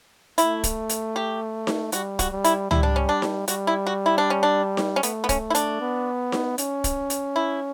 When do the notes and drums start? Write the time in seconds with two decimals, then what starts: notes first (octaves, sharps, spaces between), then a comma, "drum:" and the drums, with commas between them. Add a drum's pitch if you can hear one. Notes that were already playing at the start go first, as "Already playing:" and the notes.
0.38 A3 E4, drum: hi-hat
0.64 drum: kick, hi-hat
0.89 drum: hi-hat
1.16 G4
1.67 drum: snare D#4
1.92 G3 F#4, drum: hi-hat
2.19 F#4, drum: kick, hi-hat
2.31 G3
2.44 E4, drum: hi-hat
2.71 G3 E4, drum: tom C#2
2.83 D4
2.96 C#4
3.09 D4
3.22 drum: snare D#4
3.48 G3 F#4, drum: hi-hat
3.67 E4
3.86 F#4
4.06 E4
4.18 D4
4.30 C#4
4.43 D4
4.77 drum: snare D#4
4.96 C#4
5.03 A3 B3, drum: hi-hat
5.24 B3
5.29 C#4, drum: kick, hi-hat
5.50 E4
5.55 D4, drum: hi-hat
5.80 B3
6.32 drum: snare D#4
6.58 C#4, drum: hi-hat
6.84 drum: kick, hi-hat
7.10 drum: hi-hat
7.36 E4